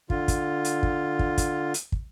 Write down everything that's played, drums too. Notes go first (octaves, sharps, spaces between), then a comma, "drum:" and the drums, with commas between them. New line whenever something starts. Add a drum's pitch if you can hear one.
D3 F4, drum: kick
drum: kick, hi-hat
drum: hi-hat
drum: kick
drum: kick
drum: kick, hi-hat
drum: hi-hat
drum: kick